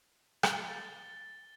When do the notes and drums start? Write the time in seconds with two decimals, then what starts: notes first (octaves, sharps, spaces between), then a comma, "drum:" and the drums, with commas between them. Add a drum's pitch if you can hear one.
0.43 G7, drum: rim click
0.68 A6